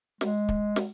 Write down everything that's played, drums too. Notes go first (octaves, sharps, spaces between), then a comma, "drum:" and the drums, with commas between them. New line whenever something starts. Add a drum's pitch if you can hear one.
G#3, drum: snare
drum: kick
drum: snare